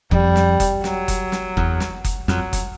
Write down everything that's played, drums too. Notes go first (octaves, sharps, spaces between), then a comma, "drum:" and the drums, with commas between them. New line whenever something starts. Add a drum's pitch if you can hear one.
F2 G3, drum: kick F#1
drum: snare
drum: kick F#1, hi-hat
F#3, drum: snare
drum: kick F#1, hi-hat
drum: snare
E2, drum: kick F#1
drum: snare
drum: kick F#1, hi-hat
F2 F#3, drum: snare
drum: kick F#1, hi-hat